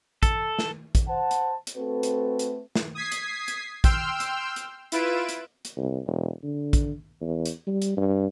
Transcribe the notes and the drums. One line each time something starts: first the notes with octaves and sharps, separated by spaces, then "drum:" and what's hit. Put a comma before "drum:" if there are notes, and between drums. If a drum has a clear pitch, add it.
A4, drum: kick, hi-hat
drum: snare
drum: kick, hi-hat
C5 F#5 A5
drum: hi-hat
drum: hi-hat
A3 C4 F#4 A4 B4
drum: hi-hat
drum: hi-hat
drum: snare
D#6 G#6 B6 C7
drum: hi-hat
drum: hi-hat
G5 C6 E6 F6 G6, drum: kick, hi-hat
drum: hi-hat
drum: hi-hat
E4 F4 B4 D7 E7, drum: hi-hat
drum: hi-hat
drum: hi-hat
C2
E1
D3
drum: kick, hi-hat
E2
drum: hi-hat
G3
drum: hi-hat
G2